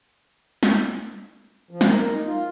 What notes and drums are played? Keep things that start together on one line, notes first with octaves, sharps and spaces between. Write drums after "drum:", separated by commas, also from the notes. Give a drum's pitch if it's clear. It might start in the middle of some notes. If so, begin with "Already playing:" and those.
drum: snare
F3
drum: snare
A#4
D#4
F4